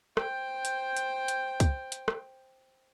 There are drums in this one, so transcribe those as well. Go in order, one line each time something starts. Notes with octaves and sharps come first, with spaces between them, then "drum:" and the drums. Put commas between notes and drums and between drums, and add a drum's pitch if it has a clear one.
C5 G5, drum: rim click
drum: hi-hat
drum: hi-hat
drum: hi-hat
drum: kick, hi-hat
drum: hi-hat
drum: rim click